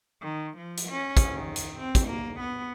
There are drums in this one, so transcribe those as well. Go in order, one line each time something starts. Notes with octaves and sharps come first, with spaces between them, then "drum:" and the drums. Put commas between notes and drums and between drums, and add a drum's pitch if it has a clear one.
D#3
F3
drum: hi-hat
C#4
drum: kick, hi-hat
D#3
drum: hi-hat
C4
drum: kick, hi-hat
A#3
B3